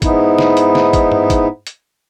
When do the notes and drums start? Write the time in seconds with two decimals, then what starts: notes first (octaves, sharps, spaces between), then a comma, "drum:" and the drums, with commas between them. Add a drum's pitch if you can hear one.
0.02 G#2 B3 D#4 E4, drum: kick, hi-hat
0.38 drum: snare
0.57 drum: hi-hat
0.75 drum: snare
0.93 drum: kick, hi-hat
1.12 drum: tom G2
1.30 drum: kick, hi-hat
1.67 drum: hi-hat